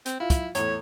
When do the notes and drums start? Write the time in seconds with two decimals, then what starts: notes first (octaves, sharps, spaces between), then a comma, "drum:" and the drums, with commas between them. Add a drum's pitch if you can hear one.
0.06 C4, drum: hi-hat
0.20 E4 F4
0.30 drum: kick, hi-hat
0.55 E2 A2 C#5, drum: hi-hat